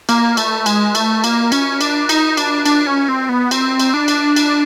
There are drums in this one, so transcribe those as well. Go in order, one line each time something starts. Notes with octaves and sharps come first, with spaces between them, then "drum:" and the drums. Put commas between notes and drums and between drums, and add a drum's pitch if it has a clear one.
A#3, drum: cymbal
A3, drum: cymbal
G#3, drum: cymbal
A3, drum: cymbal
A#3, drum: cymbal
C#4, drum: cymbal
D4, drum: cymbal
D#4, drum: cymbal
D4, drum: cymbal
D4, drum: cymbal
C#4
C4
B3
C4, drum: cymbal
drum: cymbal
D4
drum: cymbal
drum: cymbal